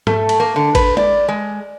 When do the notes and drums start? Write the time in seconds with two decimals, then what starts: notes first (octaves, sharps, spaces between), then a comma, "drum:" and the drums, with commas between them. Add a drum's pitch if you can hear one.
0.07 A3, drum: tom G#2
0.29 drum: cymbal
0.40 A#3
0.56 D3
0.75 B4, drum: kick G#1, cymbal
0.97 D5, drum: tom G#3
1.28 G#3